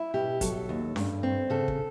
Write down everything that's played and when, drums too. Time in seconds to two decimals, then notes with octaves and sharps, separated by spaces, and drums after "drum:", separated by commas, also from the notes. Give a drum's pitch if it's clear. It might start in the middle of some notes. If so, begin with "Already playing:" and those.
Already playing: E4
0.14 B2 G4
0.41 F#3 A4, drum: kick, hi-hat
0.69 D#2
0.96 G2, drum: snare C#4
1.23 C4
1.50 C#3 A4
1.68 drum: kick